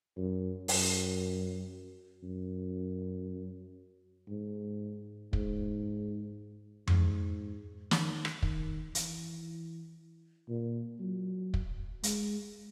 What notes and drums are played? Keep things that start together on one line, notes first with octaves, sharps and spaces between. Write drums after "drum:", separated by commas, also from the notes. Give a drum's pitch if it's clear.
F#2
F#2, drum: open hi-hat
F#2
G#2
G#2, drum: kick
G#2, drum: tom F2
D#3, drum: snare
drum: rim click
D#3, drum: kick
E3, drum: hi-hat
A#2
F#3
drum: kick
G#3, drum: hi-hat